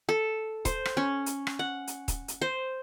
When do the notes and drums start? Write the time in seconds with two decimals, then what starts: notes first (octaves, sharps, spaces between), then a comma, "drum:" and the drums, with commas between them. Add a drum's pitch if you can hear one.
0.09 A4
0.65 C5, drum: kick D#1, hi-hat
0.85 drum: rim click
0.97 C#4
1.26 drum: hi-hat
1.47 drum: rim click
1.59 F#5
1.87 drum: hi-hat
2.08 drum: kick D#1, hi-hat
2.28 drum: hi-hat
2.42 C5